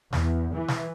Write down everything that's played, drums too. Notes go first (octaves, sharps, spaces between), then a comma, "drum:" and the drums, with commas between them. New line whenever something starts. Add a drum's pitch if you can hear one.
E2, drum: snare
E3
drum: snare